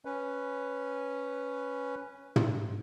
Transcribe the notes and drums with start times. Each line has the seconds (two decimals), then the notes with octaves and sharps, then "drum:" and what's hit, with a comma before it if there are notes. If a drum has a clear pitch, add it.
0.05 C#4 B4
2.36 drum: tom